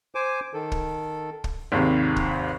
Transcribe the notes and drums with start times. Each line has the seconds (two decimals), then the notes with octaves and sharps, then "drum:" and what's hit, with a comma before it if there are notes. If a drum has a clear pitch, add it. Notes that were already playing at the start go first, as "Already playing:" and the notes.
0.15 C5 G#5 D6
0.54 D#3 A4
0.72 drum: kick
1.44 drum: kick
1.72 G#1 D#2 C3 F5
2.16 drum: kick